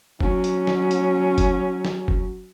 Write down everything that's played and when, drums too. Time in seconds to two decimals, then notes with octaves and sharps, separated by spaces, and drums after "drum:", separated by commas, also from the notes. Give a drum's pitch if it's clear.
0.20 F#3 C#4, drum: kick
0.44 drum: hi-hat
0.67 drum: snare
0.91 drum: hi-hat
1.38 drum: kick, hi-hat
1.85 drum: snare
2.08 drum: kick